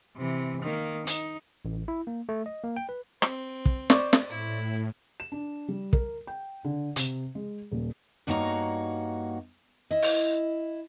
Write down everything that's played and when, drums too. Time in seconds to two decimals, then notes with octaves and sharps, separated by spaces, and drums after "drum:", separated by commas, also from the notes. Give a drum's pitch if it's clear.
0.17 C3 E3
0.62 D#3 A#3
1.07 D#4, drum: hi-hat
1.65 A1
1.88 E4
2.07 A#3
2.29 A3
2.46 D#5
2.64 A#3
2.76 G5
2.89 B4
3.22 C4, drum: rim click
3.65 drum: kick
3.90 C5 D5 C#6, drum: snare
4.13 drum: snare
4.29 A2 E4
5.20 E7
5.32 D4
5.68 G3
5.93 A#4, drum: kick
6.27 G5
6.65 D3
6.96 C3, drum: hi-hat
7.35 G#3
7.71 D#1
8.27 G2 A#3 D#4 F#4 C#5 A#5
9.91 E4 D#5
10.02 drum: open hi-hat